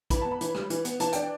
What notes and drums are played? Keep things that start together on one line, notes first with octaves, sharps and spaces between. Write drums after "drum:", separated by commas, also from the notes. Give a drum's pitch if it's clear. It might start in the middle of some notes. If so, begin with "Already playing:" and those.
E3 B5, drum: kick, hi-hat
B3 A5
B5
E3, drum: hi-hat
G3, drum: rim click
E3, drum: hi-hat
B3, drum: hi-hat
E3 A5, drum: hi-hat
D4 G5, drum: hi-hat